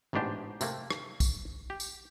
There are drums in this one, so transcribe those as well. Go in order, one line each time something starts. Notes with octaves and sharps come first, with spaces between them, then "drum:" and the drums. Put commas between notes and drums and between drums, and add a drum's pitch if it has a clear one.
A1 G#2 B2 D4 G4 C5
C3 A3 A#3, drum: tambourine
drum: rim click
drum: kick, tambourine
G4
drum: tambourine